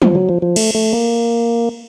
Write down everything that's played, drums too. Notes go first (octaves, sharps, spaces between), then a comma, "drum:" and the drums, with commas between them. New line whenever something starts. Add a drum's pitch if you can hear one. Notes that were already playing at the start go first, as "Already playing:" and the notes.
F3, drum: tom
F#3
F3
F3
A3, drum: cymbal
A3
A#3